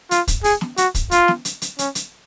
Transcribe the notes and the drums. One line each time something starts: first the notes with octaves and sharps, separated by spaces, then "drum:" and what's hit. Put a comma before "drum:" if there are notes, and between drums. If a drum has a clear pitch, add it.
F4, drum: hi-hat
drum: kick, hi-hat
G#4, drum: open hi-hat
drum: snare
F#4, drum: hi-hat
drum: kick, hi-hat
F4, drum: hi-hat
drum: snare
drum: hi-hat
drum: hi-hat
C#4, drum: hi-hat
drum: hi-hat